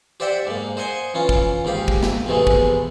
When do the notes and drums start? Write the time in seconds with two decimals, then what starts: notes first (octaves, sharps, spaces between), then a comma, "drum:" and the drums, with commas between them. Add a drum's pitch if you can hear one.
0.20 G4 C5 D5 E5 F#5 G5
0.47 G#2 A#3
0.77 C5 D#5 F#5 G#5 C6
1.14 E3 C#4 F4
1.29 drum: kick
1.65 D#2 G#2 G4 F5
1.88 drum: kick
2.03 drum: snare
2.26 D#2 G#2 B2 E3 G#3 A3
2.47 drum: kick